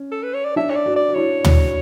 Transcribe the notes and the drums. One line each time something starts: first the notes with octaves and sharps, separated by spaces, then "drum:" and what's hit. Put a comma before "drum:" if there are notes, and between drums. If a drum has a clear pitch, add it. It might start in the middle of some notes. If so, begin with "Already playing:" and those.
Already playing: C#4
A4
B4
C#5
D5
D4 E5
C#5
D5
F#4
D5
F#4
E4 C#5
drum: tom